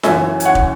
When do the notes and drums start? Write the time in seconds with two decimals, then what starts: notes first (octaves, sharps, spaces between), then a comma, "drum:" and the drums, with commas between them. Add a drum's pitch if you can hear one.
0.03 F#2 E3 C#4 E5 G#5, drum: snare F4
0.40 G#5, drum: hi-hat
0.45 C#5 F#5
0.55 drum: kick